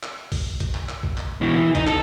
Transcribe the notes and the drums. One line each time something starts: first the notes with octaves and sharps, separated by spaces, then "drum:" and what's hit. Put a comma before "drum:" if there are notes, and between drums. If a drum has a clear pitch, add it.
drum: clap
drum: kick A#1, open hi-hat
drum: kick A#1, hi-hat
drum: clap
drum: clap
drum: kick A#1
drum: clap
B2 E3
E3
D#4, drum: kick A#1, hi-hat
A4, drum: clap